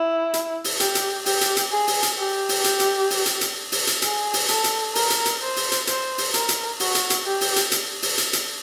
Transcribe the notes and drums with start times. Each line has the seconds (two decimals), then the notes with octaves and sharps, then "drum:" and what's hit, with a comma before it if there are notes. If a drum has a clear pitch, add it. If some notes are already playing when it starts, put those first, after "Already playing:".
Already playing: E4
0.34 drum: hi-hat
0.64 drum: open hi-hat
0.80 G4, drum: hi-hat
0.95 drum: hi-hat
1.26 G4, drum: open hi-hat
1.41 drum: hi-hat
1.57 drum: hi-hat
1.71 G#4
1.87 drum: open hi-hat
2.03 drum: hi-hat
2.18 G4
2.49 drum: open hi-hat
2.64 drum: hi-hat
2.80 drum: hi-hat
3.10 drum: open hi-hat
3.26 drum: hi-hat
3.41 drum: hi-hat
3.72 drum: open hi-hat
3.87 drum: hi-hat
4.02 G#4, drum: hi-hat
4.33 drum: open hi-hat
4.49 A4, drum: hi-hat
4.64 drum: hi-hat
4.95 A#4, drum: open hi-hat
5.10 drum: hi-hat
5.26 drum: hi-hat
5.42 C5
5.56 drum: open hi-hat
5.72 drum: hi-hat
5.87 C5, drum: hi-hat
6.18 drum: open hi-hat
6.34 A#4, drum: hi-hat
6.49 drum: hi-hat
6.80 F#4, drum: open hi-hat
6.95 drum: hi-hat
7.10 drum: hi-hat
7.26 G4
7.41 drum: open hi-hat
7.56 drum: hi-hat
7.72 drum: hi-hat
8.02 drum: open hi-hat
8.18 drum: hi-hat
8.33 drum: hi-hat